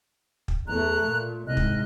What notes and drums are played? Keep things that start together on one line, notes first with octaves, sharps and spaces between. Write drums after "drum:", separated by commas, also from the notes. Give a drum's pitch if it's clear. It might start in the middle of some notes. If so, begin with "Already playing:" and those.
drum: kick
E2 A3 A#5 F#6
A#2
C2 G#2 D#5 F6 F#6
drum: kick